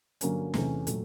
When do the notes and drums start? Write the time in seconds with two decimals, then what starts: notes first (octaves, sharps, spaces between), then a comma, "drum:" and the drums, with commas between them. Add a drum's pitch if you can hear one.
0.21 G2 D3 F#3 A#3 C#4, drum: hi-hat
0.54 E2 C3 E3 A3 C#4, drum: snare
0.87 A#2 F#3 A3, drum: hi-hat